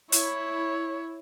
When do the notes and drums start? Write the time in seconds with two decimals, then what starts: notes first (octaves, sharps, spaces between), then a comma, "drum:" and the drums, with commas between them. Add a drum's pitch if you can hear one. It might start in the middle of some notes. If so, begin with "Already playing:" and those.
0.12 E4 C#5, drum: hi-hat